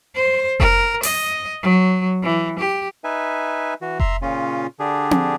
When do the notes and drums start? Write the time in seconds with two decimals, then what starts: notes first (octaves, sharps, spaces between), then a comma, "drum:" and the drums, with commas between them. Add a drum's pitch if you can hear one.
0.15 C5
0.60 A#4, drum: kick F1
1.03 D#5, drum: open hi-hat
1.62 F#3
2.23 E3
2.59 G4
3.04 D#4 B4 E5 G#5
3.82 E3 F#4
4.00 E5 A#5 C6, drum: kick F1
4.22 A#2 C#3 C#4 F4
4.80 D3 D4 G4 G#4
5.11 drum: tom C4